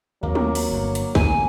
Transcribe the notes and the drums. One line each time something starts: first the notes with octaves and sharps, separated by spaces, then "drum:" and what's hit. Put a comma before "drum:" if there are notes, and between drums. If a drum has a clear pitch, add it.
D#2 F#3 A#3 C4
drum: tom
drum: open hi-hat
G1 G2
drum: hi-hat
A1 G#2 D3 G#5, drum: kick